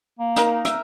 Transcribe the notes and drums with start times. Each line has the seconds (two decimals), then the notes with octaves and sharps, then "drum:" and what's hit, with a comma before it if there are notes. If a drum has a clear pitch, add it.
0.19 A#3
0.36 D#4 A#4, drum: hi-hat
0.65 E5, drum: hi-hat